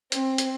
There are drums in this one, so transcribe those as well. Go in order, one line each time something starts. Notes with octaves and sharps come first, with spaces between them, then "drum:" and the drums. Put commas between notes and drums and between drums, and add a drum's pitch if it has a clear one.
C4, drum: hi-hat
drum: hi-hat